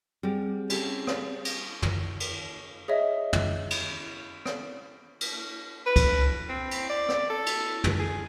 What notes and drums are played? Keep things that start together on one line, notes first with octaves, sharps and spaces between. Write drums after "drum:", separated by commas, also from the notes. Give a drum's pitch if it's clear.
G3 C4 G#4
C#4 G4 A4, drum: cymbal
drum: rim click
drum: cymbal
drum: tom
drum: cymbal
G#4 C#5 D#5 E5
drum: tom
drum: cymbal
drum: rim click
drum: cymbal
B4
drum: kick C#2, cymbal
C4
drum: cymbal
D5
drum: rim click
A4
drum: cymbal
drum: tom
G#4